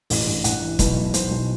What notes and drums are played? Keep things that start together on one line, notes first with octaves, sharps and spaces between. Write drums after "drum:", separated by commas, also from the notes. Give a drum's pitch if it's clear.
A1, drum: open hi-hat
G2
A1 F#5, drum: hi-hat
E3
B1 B4, drum: kick, hi-hat
B2
B1 C5, drum: hi-hat
B1